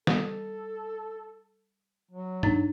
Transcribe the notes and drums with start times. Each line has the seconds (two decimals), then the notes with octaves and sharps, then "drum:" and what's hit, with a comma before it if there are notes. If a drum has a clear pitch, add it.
0.07 G3 A4, drum: snare
2.11 F#3
2.43 D4 D#4, drum: tom